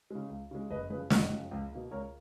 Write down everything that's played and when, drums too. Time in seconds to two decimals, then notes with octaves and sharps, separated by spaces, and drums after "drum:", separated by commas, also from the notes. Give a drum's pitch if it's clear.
0.10 C#3 G#3
0.30 C#2
0.51 C#3 G#3
0.70 F#1 B4 D#5
0.90 F#2 C#3 F3 G#4 B4
1.10 F#1 D#5 F#5, drum: snare
1.30 F#2 C#3 F3
1.51 C#2
1.72 B2 A#3
1.91 C#2 A#4 C#5